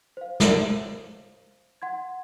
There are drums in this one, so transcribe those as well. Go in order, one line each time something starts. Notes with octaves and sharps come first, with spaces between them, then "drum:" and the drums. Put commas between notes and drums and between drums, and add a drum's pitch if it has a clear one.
C5 F5
drum: snare
F#5 C6 G#6